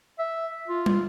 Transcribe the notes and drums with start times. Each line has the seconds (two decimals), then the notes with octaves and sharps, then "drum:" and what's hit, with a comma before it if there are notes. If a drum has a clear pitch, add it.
0.19 E5
0.68 F4
0.86 drum: tom